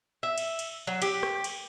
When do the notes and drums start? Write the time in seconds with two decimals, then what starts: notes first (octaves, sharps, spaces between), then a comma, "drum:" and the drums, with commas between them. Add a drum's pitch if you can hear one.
0.23 E5
0.38 drum: cymbal
0.59 drum: cymbal
0.87 F#3
1.02 G4, drum: cymbal
1.23 drum: rim click
1.44 drum: cymbal